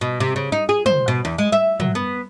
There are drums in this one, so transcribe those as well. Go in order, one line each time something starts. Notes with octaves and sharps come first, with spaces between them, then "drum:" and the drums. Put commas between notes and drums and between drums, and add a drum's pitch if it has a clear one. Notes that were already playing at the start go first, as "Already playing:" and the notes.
B2
C3
C#3
D#4
G#4
C5, drum: tom
B2
E2
G#3
E5
F#3, drum: tom
B3